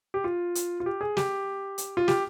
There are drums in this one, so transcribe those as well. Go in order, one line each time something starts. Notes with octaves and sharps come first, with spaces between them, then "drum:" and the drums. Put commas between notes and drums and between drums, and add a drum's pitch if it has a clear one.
G4
F4
drum: hi-hat
F4
G4
G#4
G4, drum: snare
drum: hi-hat
F4
G4, drum: snare